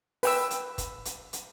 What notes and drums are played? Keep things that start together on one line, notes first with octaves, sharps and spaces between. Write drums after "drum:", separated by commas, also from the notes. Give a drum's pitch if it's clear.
B4 G5 E6, drum: open hi-hat
drum: hi-hat
drum: kick, hi-hat
drum: hi-hat
drum: hi-hat